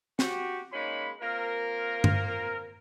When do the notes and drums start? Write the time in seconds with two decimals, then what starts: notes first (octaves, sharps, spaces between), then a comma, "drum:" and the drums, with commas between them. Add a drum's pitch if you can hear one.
0.19 F#4 G4, drum: snare
0.72 G#3 A#3 C#4 D#4 B5
1.21 A#3 C4 F4 A#4
2.04 drum: tom G2